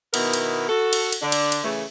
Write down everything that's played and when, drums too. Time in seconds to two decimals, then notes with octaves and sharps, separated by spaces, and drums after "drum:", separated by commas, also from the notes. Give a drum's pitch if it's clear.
0.14 B2 D#3 B3 E4 A#4, drum: cymbal
0.33 drum: cymbal
0.69 F#4 A4
0.93 drum: cymbal
1.12 drum: cymbal
1.22 D3 D4
1.32 drum: cymbal
1.52 drum: cymbal
1.64 C#3 E3 A3